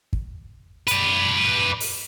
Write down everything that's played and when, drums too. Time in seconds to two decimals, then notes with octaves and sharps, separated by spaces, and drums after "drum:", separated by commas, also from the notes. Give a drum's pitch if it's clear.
0.13 drum: kick
0.88 B4 D5, drum: hi-hat
1.80 drum: open hi-hat